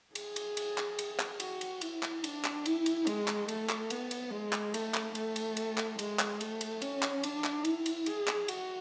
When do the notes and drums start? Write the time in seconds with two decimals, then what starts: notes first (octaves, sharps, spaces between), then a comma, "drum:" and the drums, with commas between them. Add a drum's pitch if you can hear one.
0.15 G#4, drum: cymbal
0.36 drum: cymbal
0.57 drum: cymbal
0.78 drum: clap
0.99 drum: cymbal
1.19 drum: clap
1.40 F#4, drum: cymbal
1.61 drum: cymbal
1.81 E4, drum: cymbal
2.03 drum: clap
2.24 D4, drum: cymbal
2.44 drum: clap
2.66 E4, drum: cymbal
2.86 drum: cymbal
3.07 G#3, drum: cymbal
3.28 drum: clap
3.48 A3, drum: cymbal
3.69 drum: clap
3.90 B3, drum: cymbal
4.11 drum: cymbal
4.31 G#3
4.53 drum: clap
4.74 A3, drum: cymbal
4.94 drum: clap
5.15 A3, drum: cymbal
5.36 drum: cymbal
5.57 drum: cymbal
5.77 drum: clap
5.99 G#3, drum: cymbal
6.19 drum: clap
6.41 A3, drum: cymbal
6.61 drum: cymbal
6.82 C#4, drum: cymbal
7.02 drum: clap
7.23 D4, drum: cymbal
7.44 drum: clap
7.65 E4, drum: cymbal
7.86 drum: cymbal
8.06 G#4, drum: cymbal
8.27 drum: clap
8.48 F#4, drum: cymbal